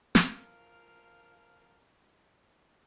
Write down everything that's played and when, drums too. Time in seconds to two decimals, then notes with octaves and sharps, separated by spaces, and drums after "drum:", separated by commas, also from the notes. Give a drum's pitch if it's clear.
0.15 F3 A#4 F5, drum: snare